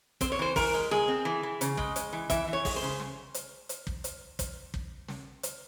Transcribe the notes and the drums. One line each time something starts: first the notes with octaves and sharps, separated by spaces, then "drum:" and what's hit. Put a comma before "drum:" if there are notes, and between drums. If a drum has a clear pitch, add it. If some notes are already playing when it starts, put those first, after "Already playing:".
C4 C5, drum: kick, hi-hat
C#5
E3 C5
E3 A#4, drum: kick, open hi-hat
G#3
G#3 G#4, drum: snare
C4
E3
E3
C#3, drum: hi-hat
G#3, drum: kick
G#3, drum: hi-hat
E3
E3 E5, drum: kick, hi-hat
E3
C#5
G#3, drum: kick, open hi-hat
C5
C#3
drum: snare
drum: hi-hat
drum: hi-hat
drum: kick
drum: hi-hat
drum: kick, hi-hat
drum: kick
drum: snare
drum: hi-hat